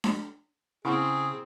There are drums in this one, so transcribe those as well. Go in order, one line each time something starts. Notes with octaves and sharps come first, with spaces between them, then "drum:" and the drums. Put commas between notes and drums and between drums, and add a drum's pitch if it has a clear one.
drum: snare D4
C#3 C4 E4 G#4 F#5